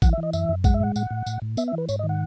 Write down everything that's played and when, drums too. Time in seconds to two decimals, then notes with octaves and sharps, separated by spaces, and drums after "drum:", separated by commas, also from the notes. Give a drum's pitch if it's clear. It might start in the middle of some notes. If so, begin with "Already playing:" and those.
0.02 E3 F#5, drum: kick, tambourine
0.13 E5
0.18 E3
0.23 D#5
0.33 F#2 E5, drum: tambourine
0.49 F#2
0.64 G#3 F#5, drum: kick, tambourine
0.74 E5
0.80 A2 F#5
0.96 A2 F#5, drum: tambourine
1.11 A2
1.26 A2, drum: tambourine
1.42 A2
1.57 B3 E5, drum: tambourine
1.68 E5
1.73 E3 B4
1.89 G#2 C#5, drum: tambourine
1.99 D#5
2.04 D#3
2.09 F#5